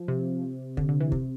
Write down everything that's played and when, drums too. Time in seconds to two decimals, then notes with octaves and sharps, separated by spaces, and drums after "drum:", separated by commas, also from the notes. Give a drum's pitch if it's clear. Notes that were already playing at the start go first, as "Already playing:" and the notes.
Already playing: F3
0.08 C3
0.77 D3, drum: kick
0.89 D3
1.01 E3
1.12 C3, drum: kick